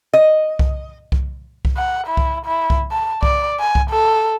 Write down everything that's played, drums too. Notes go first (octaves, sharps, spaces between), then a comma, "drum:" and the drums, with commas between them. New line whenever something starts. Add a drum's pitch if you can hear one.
D#5
drum: kick C2
drum: kick C2
drum: kick C2
F#5
E4
drum: kick C2
E4
drum: kick C2
A5
D5, drum: kick C2
G#5
drum: kick C2
A4